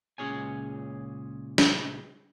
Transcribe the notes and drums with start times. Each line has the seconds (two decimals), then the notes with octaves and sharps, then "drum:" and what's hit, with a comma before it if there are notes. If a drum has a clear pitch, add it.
0.18 C#2 A#2 C#4 G#4 C#5 G#5
1.58 drum: snare